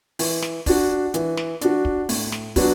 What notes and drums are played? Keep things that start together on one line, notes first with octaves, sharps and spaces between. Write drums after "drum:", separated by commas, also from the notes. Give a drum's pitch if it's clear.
E3, drum: open hi-hat
drum: snare
D4 F#4, drum: kick, open hi-hat
E3, drum: hi-hat
drum: snare
D4 F#4, drum: hi-hat
drum: kick
A2, drum: open hi-hat
drum: snare
F#3 B3 D4 F#4, drum: kick, open hi-hat